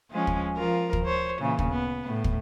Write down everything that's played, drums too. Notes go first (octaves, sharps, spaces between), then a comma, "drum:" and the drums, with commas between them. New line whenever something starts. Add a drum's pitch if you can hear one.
F3 G#3 C#4
drum: kick
F3 F4 A#4
drum: kick
C5 C#5
A#2 C#3 E3
drum: kick
B3
A2
drum: kick